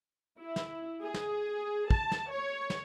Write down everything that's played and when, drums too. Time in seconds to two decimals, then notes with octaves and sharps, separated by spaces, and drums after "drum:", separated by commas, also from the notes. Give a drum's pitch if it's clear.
0.41 E4
0.56 drum: snare
1.02 G#4
1.14 drum: snare
1.90 A5, drum: kick
2.12 drum: snare
2.31 C#5
2.70 drum: snare